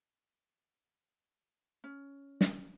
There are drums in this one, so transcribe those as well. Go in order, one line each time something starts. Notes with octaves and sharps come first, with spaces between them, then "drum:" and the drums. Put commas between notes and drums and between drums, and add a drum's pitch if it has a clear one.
C#4
drum: snare